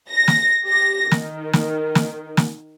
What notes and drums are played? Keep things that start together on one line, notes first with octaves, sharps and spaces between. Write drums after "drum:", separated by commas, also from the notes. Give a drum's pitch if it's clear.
A#6
drum: snare
G4 A#6
D#3, drum: snare
drum: snare
drum: snare
drum: snare